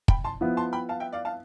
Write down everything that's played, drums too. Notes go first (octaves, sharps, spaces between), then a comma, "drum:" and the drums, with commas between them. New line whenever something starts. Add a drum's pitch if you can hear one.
G5 B5, drum: kick
A5 C6
F3 B3 E4
A5 C6
G5 B5
F5 A5
E5 G5
D5 F5
F5 A5